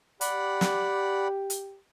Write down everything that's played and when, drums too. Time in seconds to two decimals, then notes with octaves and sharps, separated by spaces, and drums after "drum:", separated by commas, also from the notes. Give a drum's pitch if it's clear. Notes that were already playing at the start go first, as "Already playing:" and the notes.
0.21 G4 D5 F#5 B5, drum: hi-hat
0.61 drum: snare
1.50 drum: hi-hat